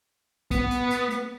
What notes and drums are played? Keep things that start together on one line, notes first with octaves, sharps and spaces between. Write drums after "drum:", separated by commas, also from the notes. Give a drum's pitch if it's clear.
B3, drum: kick, hi-hat
drum: hi-hat
drum: hi-hat
drum: hi-hat